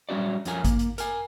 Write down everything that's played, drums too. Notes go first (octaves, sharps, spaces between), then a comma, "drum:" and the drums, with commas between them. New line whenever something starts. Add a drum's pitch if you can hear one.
F#3 G3 C#4 F#4 D5
F2 C#4 F4 A#4 G#5, drum: hi-hat
A#3, drum: kick G#1, hi-hat
drum: hi-hat
A#4 G#5, drum: hi-hat